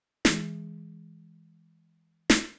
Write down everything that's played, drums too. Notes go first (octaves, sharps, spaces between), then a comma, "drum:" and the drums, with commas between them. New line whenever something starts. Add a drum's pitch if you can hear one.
E3 G#3 G#4, drum: snare
drum: snare